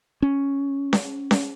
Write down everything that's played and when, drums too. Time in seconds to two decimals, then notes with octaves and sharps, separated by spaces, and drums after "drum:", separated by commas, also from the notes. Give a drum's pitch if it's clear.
0.22 C#4
0.93 drum: snare C#4
1.31 drum: snare C#4